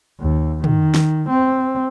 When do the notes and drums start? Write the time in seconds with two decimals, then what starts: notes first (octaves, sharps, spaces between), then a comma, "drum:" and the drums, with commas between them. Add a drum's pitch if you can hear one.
0.21 D#2
0.64 D#3, drum: tom
0.94 drum: snare
1.29 C4